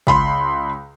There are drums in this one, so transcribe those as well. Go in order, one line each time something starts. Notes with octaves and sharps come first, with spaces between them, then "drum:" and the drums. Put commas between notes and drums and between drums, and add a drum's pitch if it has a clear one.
C#2 B5 C6, drum: kick